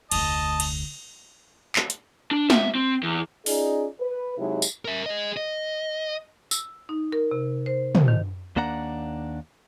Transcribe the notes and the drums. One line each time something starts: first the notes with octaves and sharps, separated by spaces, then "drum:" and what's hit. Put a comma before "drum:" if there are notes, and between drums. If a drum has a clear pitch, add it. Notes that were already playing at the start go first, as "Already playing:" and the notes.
F1 D2 D#5 A5, drum: cymbal
drum: cymbal
drum: clap
drum: hi-hat
D4
E5, drum: snare
C4
E2
C#4 D#4 F4 G#4 D5, drum: open hi-hat
B4
C3 F#3 G#3 D#4 E4 G4
drum: tambourine
A#4 E5
G#4 D#5
D#5
E6, drum: tambourine
D#4
A#4
C3
C5
drum: tom
D#3
D#2 A#3 D4 F#5 A#5